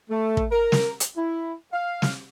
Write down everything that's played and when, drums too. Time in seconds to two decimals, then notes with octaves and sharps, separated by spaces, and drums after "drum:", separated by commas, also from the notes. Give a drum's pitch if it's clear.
0.10 A3
0.37 drum: kick
0.51 A#4
0.72 drum: snare
1.00 drum: hi-hat
1.17 E4
1.73 F5
2.02 drum: snare